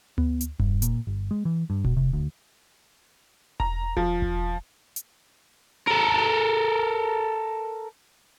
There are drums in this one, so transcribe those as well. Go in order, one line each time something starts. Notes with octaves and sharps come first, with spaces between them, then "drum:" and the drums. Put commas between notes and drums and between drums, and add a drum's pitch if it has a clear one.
B3, drum: tom D2
drum: hi-hat
G2, drum: kick E1
A#2, drum: hi-hat
G1
G#3
E3
G2
B2, drum: kick E1
C3
D2
A#5, drum: kick E1
F3, drum: kick E1
drum: kick E1
drum: hi-hat
A4 A#4